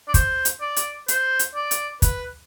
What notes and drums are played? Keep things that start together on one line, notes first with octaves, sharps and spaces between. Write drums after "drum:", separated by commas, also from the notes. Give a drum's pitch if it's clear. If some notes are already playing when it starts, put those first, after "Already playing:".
D5
C5, drum: kick, hi-hat
drum: hi-hat
D5
drum: hi-hat
C5, drum: hi-hat
drum: hi-hat
D5
drum: hi-hat
B4, drum: kick, hi-hat